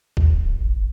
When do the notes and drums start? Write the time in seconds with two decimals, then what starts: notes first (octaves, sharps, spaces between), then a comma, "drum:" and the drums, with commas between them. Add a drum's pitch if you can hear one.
0.17 D#2, drum: kick A1
0.33 D1
0.45 D1
0.61 G#1
0.77 G1